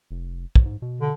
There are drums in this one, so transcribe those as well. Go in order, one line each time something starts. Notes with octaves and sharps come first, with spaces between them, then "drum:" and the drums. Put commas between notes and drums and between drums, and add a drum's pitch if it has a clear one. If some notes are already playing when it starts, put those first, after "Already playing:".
F1
drum: kick
G#2
B2
D3